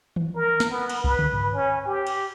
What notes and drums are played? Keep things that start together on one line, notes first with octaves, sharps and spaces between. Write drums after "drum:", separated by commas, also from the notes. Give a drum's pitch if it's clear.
drum: tom D#3
A#4
drum: snare
B3
drum: cymbal
B4, drum: kick C2
drum: tom
drum: tom G2
C#4
G4
drum: cymbal